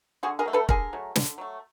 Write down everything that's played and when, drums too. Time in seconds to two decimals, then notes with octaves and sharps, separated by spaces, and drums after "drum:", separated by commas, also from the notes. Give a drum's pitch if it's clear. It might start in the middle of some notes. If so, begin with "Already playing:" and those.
0.23 D3 F#4 G#4
0.39 G#4 A#4
0.46 F#3 A3
0.53 A4 B4
0.69 D3 G#4 A#4, drum: kick
0.93 F#3 A3
1.16 D3, drum: snare
1.38 F#3 A3